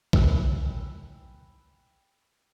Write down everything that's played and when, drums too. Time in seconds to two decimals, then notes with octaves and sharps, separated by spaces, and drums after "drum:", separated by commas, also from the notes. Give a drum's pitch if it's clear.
0.13 G5 G#5 B5 E6 F#6, drum: kick A#1